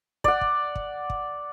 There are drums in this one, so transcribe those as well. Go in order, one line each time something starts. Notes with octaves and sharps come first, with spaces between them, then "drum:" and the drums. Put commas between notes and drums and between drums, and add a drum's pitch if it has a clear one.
D5 F#5, drum: kick
drum: kick
drum: kick
drum: kick